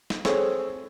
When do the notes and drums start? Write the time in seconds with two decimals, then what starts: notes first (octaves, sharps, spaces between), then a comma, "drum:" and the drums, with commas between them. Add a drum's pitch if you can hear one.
0.10 drum: snare
0.25 C4 G#4 A4 C#5 E6, drum: snare